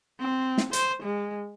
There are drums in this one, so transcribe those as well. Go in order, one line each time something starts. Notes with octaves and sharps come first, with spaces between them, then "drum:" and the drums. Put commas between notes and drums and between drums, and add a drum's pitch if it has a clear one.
C4
drum: snare
C5, drum: hi-hat
G#3